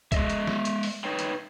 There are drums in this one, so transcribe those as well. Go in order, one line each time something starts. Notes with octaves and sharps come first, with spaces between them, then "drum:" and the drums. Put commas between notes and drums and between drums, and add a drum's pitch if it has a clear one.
G#3 D#5 E5, drum: kick, hi-hat
drum: hi-hat
drum: snare
drum: hi-hat
drum: open hi-hat
D#4 B4 C#5 G5
drum: hi-hat